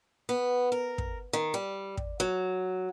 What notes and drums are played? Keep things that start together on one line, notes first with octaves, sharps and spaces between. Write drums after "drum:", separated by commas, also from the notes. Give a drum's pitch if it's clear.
B3
A#4
drum: kick
D#3
G3
drum: kick
F#3